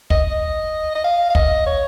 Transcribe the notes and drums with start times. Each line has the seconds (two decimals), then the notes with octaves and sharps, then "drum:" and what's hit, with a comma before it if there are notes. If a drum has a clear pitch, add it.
0.10 D#5, drum: kick
0.31 D#5
0.95 D#5
1.04 F5
1.30 F5
1.35 D#5, drum: kick
1.67 C#5